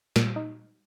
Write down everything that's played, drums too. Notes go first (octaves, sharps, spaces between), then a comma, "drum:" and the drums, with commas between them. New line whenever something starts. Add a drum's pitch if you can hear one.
A#2, drum: snare
D#4